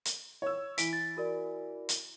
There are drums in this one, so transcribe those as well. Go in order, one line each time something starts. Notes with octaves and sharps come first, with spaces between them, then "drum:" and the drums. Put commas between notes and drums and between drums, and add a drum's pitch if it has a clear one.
drum: hi-hat
C#5 E6
E3 B6 D7, drum: hi-hat
A6
F#4 A#4 D5
drum: hi-hat